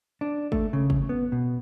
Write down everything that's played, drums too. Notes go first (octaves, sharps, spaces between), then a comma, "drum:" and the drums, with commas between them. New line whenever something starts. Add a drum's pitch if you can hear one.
D4
A3, drum: kick G#1
C#3
drum: kick G#1
B3
B2